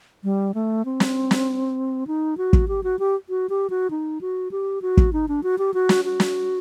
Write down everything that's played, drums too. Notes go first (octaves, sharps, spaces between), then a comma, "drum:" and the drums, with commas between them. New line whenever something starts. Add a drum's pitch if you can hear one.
G3
A3
C4
drum: snare
drum: snare
D#4
F#4
drum: kick
G4
F#4
G4
F#4
G4
F#4
D#4
F#4
G4
F#4
drum: kick
D#4
D4
F#4
G4
F#4
drum: snare
F#4
drum: snare